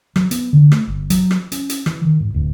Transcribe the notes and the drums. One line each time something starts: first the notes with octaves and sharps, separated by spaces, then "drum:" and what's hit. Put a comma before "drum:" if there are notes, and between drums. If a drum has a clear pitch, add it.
F#3, drum: rim click
B3, drum: hi-hat
D3
A3, drum: rim click
G1
F#3, drum: hi-hat
drum: rim click
C#4, drum: hi-hat
drum: hi-hat
E3, drum: rim click
D#3
G#2
D1